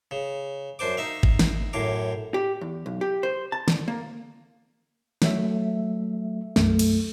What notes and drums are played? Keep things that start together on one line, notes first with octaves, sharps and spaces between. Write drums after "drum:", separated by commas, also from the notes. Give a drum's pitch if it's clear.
C#3
F#2 D4 C5 D6
D#4 E5 F5
drum: kick G#1
drum: snare
F#2 A2 F5 D6
G4
E2
B1
G4
C5
A5
D3, drum: snare
A#3
F#3 A3 E5, drum: snare
B1 F#2 A3, drum: snare
drum: cymbal